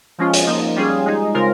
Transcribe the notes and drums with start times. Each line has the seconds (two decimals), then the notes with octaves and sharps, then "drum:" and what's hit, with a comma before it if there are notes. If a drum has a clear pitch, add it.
0.18 F3 G#3 C#4 F4
0.34 drum: hi-hat
0.47 F3 A#3 D#4
0.76 G3 C#4 F4 G#4
1.05 G#3 D#4 G#4
1.34 C#3 G#3 C4 F4 A#4